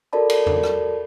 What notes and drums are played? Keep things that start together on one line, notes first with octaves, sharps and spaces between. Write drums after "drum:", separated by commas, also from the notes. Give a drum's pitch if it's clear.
F#4 A4 A#4 D5 A5 B5
drum: cymbal
drum: tom E2
drum: rim click